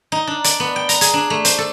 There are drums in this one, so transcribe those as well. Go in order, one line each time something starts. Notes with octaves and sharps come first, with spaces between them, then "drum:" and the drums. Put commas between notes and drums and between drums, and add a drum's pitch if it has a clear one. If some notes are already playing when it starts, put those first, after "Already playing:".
D#4
D4
D5, drum: hi-hat
B3
G5
A#5, drum: hi-hat
G#4, drum: hi-hat
D4
A3
C5, drum: hi-hat
A4